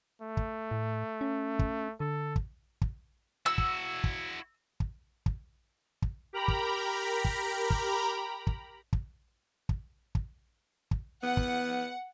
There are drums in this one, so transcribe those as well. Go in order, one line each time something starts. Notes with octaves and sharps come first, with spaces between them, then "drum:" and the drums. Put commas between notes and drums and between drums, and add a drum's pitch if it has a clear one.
A3
drum: kick
A2
C#4
drum: kick
D3 A4
drum: kick
drum: kick
E4 F#4 E6
drum: kick
drum: kick
drum: kick
drum: kick
drum: kick
G4 A#4 A#5 B5
drum: kick
drum: kick
drum: kick
drum: kick
drum: kick
drum: kick
drum: kick
drum: kick
B3 F#5
drum: kick